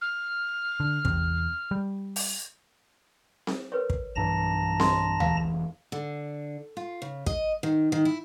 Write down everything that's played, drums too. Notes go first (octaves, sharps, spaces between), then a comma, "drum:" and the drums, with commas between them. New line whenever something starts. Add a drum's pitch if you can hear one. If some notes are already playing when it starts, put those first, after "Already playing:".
F6
D3
E2 C3, drum: kick
G3
drum: open hi-hat
drum: snare C4
A#4 B4 C#5
drum: kick
B1 G2 E3 A5 A#5 A#6
D#5 C6, drum: snare C4
F1 E3 F5, drum: tom D2
D3
F4
C#3
D#5, drum: kick
D#3
D#3
E4